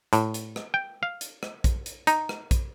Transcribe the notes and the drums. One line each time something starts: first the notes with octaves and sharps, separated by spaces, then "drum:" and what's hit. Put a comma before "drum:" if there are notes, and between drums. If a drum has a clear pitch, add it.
A2, drum: hi-hat
drum: hi-hat
drum: rim click
G5
F5
drum: hi-hat
drum: rim click
drum: kick, hi-hat
drum: hi-hat
D#4, drum: hi-hat
drum: rim click
drum: kick, hi-hat